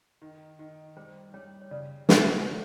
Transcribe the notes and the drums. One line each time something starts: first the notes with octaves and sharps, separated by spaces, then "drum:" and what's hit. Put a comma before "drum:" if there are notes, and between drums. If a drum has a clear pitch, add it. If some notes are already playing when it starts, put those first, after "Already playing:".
D#3
D#3
G3 C5
G3 C#5
C#5
C#3 D5
C#3 D#5, drum: snare
A3 C#5